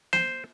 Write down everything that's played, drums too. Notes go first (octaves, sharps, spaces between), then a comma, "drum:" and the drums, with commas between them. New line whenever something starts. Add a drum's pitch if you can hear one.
C5, drum: snare